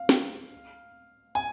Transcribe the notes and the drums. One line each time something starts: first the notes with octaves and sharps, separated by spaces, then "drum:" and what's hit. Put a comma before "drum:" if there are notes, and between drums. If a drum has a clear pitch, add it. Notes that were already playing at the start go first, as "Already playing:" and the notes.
Already playing: F5
drum: snare
G#5, drum: hi-hat